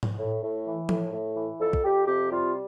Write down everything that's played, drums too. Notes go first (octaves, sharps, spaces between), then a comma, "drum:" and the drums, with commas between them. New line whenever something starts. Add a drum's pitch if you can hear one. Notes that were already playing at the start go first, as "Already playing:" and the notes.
drum: tom
A2
A2
E3
A2, drum: tom F3
A2
E3
F2 A4
drum: kick
F2 G4
C3 G4
G3 F4